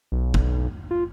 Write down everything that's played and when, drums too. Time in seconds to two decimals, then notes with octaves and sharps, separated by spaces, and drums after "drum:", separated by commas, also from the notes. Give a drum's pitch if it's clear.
0.12 B1
0.34 drum: kick
0.91 F4